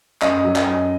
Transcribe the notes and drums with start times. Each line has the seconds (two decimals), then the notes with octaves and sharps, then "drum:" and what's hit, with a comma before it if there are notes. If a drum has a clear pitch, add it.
0.22 F#2 D#5, drum: clap
0.44 F#3
0.56 D#5, drum: clap
0.67 F#2